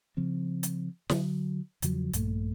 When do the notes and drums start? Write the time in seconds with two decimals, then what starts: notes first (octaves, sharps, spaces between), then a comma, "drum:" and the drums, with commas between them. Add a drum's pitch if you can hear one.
0.17 C#3 F3 C4
0.63 drum: hi-hat
1.09 D3 F#3, drum: snare
1.82 E2 C#3 F3 F#3, drum: hi-hat
2.13 A#1 G2 A#2 A3, drum: hi-hat